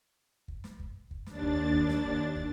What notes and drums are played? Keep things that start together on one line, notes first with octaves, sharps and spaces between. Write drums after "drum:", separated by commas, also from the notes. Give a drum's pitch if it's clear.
drum: kick
drum: snare
drum: kick
drum: kick
D#2 D4 A6, drum: snare
drum: kick
drum: kick
drum: snare
drum: kick
drum: kick